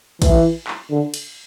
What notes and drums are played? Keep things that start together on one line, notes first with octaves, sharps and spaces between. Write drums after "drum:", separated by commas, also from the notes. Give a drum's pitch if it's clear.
E3, drum: kick, cymbal
drum: clap
D3
drum: cymbal